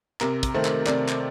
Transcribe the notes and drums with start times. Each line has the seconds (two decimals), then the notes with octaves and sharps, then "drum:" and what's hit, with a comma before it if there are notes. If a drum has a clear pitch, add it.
0.21 C3 A#4, drum: clap
0.43 drum: kick, hi-hat
0.54 D#3 A3 C4
0.65 drum: clap
0.86 C3 D5, drum: clap
1.08 drum: clap